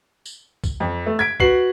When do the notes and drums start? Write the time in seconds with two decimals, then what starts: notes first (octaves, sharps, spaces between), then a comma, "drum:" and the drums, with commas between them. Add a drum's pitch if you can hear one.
0.26 drum: tambourine
0.64 drum: kick, tambourine
0.80 F2
1.06 A3
1.19 G#6 B6 D7
1.40 F#4 B4 C7 F#7, drum: kick